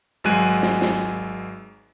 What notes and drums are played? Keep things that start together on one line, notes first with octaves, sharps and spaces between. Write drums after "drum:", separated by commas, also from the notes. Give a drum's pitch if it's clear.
G#1 F#3 G#3 G#5 F#6 D#7
drum: snare
drum: snare